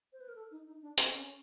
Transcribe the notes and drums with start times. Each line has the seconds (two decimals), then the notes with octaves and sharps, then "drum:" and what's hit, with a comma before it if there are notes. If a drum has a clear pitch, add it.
0.13 C5
0.20 B4
0.29 A#4
0.36 A4
0.51 D#4
0.67 D#4
0.82 D4
0.98 C#4, drum: hi-hat
1.06 C4
1.14 C#4